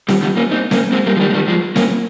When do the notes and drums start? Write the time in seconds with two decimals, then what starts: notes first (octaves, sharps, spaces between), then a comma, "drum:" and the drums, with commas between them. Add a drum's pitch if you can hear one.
0.08 D#3 G3, drum: snare C4
0.22 D#3 G3
0.36 A#3 C#4
0.51 C4 D#4
0.71 A#3 C#4, drum: snare C4
0.92 G#3 C4
1.06 G3 A#3
1.16 F3
1.20 D#3 G3
1.30 G#3
1.34 D#3 G3
1.48 F3 G#3
1.76 A#3 C#4, drum: snare C4